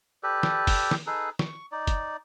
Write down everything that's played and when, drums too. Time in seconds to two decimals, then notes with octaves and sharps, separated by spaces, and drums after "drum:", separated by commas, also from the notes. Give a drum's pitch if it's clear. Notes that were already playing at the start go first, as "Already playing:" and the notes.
0.23 G4 A4 B4 D5
0.43 drum: snare
0.67 drum: kick F#1, open hi-hat
0.91 drum: snare
1.07 D#4 G#4 A4 B4
1.39 C#6, drum: snare
1.72 D#4 D5
1.87 drum: kick F#1, hi-hat